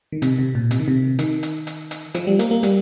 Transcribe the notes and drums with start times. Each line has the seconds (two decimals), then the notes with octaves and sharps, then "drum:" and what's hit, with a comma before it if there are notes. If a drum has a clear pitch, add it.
0.12 D#3
0.22 C3, drum: hi-hat
0.39 C3
0.55 A#2
0.71 C3, drum: hi-hat
0.79 D#3
0.88 C3
1.19 D#3, drum: hi-hat
1.43 drum: hi-hat
1.67 drum: hi-hat
1.91 drum: hi-hat
2.15 F3, drum: hi-hat
2.27 G3
2.39 A#3, drum: hi-hat
2.51 A#3
2.63 G3, drum: hi-hat